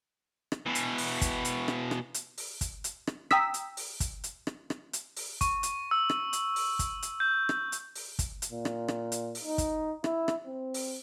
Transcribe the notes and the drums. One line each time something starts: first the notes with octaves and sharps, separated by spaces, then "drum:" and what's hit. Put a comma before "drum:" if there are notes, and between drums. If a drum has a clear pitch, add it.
drum: rim click
B2 E3
drum: hi-hat
drum: open hi-hat
drum: kick, hi-hat
drum: hi-hat
drum: rim click
drum: rim click
drum: hi-hat
drum: open hi-hat
drum: kick, hi-hat
drum: hi-hat
drum: rim click
G5 A#5 D#6 E6 B6, drum: rim click
drum: hi-hat
drum: open hi-hat
drum: kick, hi-hat
drum: hi-hat
drum: rim click
drum: rim click
drum: hi-hat
drum: open hi-hat
C#6, drum: kick, hi-hat
drum: hi-hat
E6
drum: rim click
drum: hi-hat
drum: open hi-hat
drum: kick, hi-hat
drum: hi-hat
G6
drum: rim click
drum: hi-hat
drum: open hi-hat
drum: kick, hi-hat
drum: hi-hat
A#2
drum: rim click
drum: rim click
drum: hi-hat
drum: open hi-hat
D#4
drum: kick, hi-hat
E4, drum: rim click
drum: rim click
C4
drum: open hi-hat